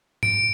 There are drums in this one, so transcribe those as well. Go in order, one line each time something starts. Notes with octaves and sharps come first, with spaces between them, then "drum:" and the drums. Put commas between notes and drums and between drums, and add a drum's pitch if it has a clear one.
D7, drum: tom